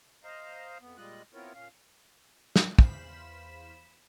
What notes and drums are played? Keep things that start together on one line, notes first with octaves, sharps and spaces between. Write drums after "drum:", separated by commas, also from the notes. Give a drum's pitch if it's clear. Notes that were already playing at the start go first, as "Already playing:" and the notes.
C5 D#5 F5 A#5
F2 B3
A#2 G3 G#3 F4 D#5 F#6
B3 C4 E4 F4 A#4 C#5
A#2 C#4 F5
drum: snare
E2 C5 F5 B5 B6 E7, drum: kick